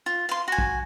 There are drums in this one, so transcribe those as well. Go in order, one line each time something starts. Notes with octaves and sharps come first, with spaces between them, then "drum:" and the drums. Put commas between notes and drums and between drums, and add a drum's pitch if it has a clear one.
F4
F5 C6
F#4 G#5
drum: kick